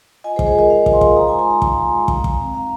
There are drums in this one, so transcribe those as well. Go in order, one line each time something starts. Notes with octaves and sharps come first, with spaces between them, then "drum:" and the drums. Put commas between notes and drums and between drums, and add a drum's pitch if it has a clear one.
F4 D#5 G#5
G#4 C5
G#3, drum: kick
G#4 C5
F4 A#4 D#5
G#3 C5 F5
F4, drum: kick
G#5 C6
G#3, drum: kick
D#4 A#5 D#6
G#5 C6
G#3
G#5 C6
D#4 F5 A#5
G#3, drum: kick
D#4
G#3
G#3, drum: kick
G#3, drum: kick
C4
D#4 F5 A#5